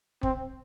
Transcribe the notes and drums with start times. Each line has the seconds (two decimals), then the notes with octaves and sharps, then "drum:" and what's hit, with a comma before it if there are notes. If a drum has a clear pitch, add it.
0.23 C4, drum: kick